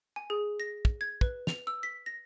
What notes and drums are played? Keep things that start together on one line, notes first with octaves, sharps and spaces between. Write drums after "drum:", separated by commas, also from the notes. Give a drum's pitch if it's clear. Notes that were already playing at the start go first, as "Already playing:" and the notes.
G#5
G#4
A#6
drum: kick
G#6
B4, drum: kick
F7, drum: snare
E6
B6
A#6